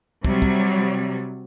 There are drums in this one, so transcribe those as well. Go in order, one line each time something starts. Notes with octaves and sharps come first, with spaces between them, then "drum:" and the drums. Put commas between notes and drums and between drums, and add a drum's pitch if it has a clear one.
C3 F#3 G3, drum: kick
drum: kick